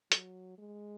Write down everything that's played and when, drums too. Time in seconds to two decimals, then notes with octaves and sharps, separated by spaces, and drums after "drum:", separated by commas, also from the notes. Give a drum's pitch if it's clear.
0.12 F#3, drum: hi-hat
0.58 G#3